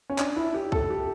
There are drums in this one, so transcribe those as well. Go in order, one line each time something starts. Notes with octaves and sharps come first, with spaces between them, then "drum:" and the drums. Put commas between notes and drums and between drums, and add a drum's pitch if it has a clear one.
C#4
D4, drum: clap
E4
G4
A4, drum: kick
G4